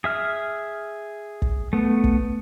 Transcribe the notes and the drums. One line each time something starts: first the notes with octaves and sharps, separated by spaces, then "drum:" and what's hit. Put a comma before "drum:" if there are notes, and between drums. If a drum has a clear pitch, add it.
G#4 E5 F6
drum: kick
A3 B3
drum: kick